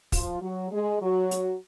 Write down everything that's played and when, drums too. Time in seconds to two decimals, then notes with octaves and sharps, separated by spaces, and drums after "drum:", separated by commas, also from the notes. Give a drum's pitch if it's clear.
0.12 F3 F4, drum: kick, open hi-hat
0.41 F#3 F#4
0.71 G#3 G#4
1.02 F#3 F#4
1.31 drum: hi-hat